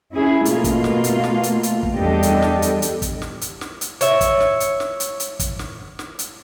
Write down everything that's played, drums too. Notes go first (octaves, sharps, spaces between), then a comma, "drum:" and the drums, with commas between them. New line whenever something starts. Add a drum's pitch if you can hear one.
C#4 E4 G#4
B2 A3 A#3 F4, drum: hi-hat
drum: kick, hi-hat
drum: snare
drum: hi-hat
drum: snare
drum: hi-hat
drum: hi-hat
drum: kick
E2 G3 D4 G4 A4 D#5
drum: hi-hat
drum: snare
drum: hi-hat
drum: hi-hat
drum: kick, hi-hat
drum: snare
drum: hi-hat
drum: snare
drum: hi-hat
C#5 E5, drum: hi-hat
drum: kick, hi-hat
drum: snare
drum: hi-hat
drum: snare
drum: hi-hat
drum: hi-hat
drum: kick, hi-hat
drum: snare
drum: snare
drum: hi-hat